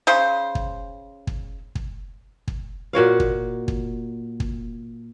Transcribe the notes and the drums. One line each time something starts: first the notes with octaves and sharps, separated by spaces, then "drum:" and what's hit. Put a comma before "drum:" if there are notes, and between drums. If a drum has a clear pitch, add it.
C#3 C5 C6
drum: kick
drum: kick
drum: kick
drum: kick
A#2 F#4 C#5 F5
drum: kick
drum: kick
drum: kick